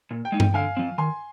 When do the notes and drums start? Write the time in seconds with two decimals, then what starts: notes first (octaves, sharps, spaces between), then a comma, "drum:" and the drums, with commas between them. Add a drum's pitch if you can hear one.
0.11 A#2
0.25 G5
0.32 G#3 D#4
0.40 G5, drum: tom G2
0.54 D3 F5 G#5
0.77 F3 C4
0.98 D#3 G#5 C6